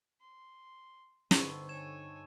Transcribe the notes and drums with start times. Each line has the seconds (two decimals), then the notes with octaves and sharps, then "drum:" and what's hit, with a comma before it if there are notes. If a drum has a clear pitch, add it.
0.20 C6
1.31 G2 D3 C4 D#4 A4 B4 C5 C#6, drum: snare
1.69 C#5 G#5 G#6 E7